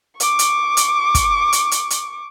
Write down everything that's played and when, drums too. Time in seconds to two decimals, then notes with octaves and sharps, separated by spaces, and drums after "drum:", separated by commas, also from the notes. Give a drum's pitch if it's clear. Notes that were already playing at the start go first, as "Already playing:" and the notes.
0.20 C#6 D6, drum: hi-hat
0.39 drum: hi-hat
0.77 drum: hi-hat
1.15 drum: kick, hi-hat
1.53 drum: hi-hat
1.71 drum: hi-hat
1.90 drum: hi-hat